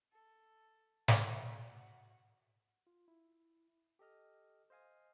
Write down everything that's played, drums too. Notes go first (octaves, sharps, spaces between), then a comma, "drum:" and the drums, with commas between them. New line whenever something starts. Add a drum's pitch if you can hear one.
A4
F#4 F#5, drum: snare
F4
E4
G4 A4 D#5 F6
C5 D#5 F5 G#5 D#6